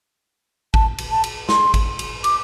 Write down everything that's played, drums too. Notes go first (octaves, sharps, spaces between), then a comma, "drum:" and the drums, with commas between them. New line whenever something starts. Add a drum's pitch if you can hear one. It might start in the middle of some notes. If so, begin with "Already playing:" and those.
A5, drum: kick G#1
drum: cymbal
A5
drum: cymbal
C6, drum: snare
drum: kick G#1, cymbal
drum: cymbal
D6, drum: cymbal